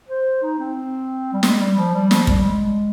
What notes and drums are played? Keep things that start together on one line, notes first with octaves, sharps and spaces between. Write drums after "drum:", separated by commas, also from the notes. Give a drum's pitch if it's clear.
C5
D#4
C4
G3
G#3, drum: snare
G3
F3
G3
F3, drum: snare
G3, drum: kick
G#3